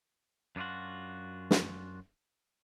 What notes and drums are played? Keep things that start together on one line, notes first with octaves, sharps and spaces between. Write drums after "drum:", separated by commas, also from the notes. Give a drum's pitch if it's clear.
F#2 D4 D#4 F4 F#4
drum: snare